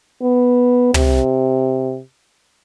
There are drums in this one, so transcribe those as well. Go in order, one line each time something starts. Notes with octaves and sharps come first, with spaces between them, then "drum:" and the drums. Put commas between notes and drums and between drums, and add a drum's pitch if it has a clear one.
B3
C3, drum: tom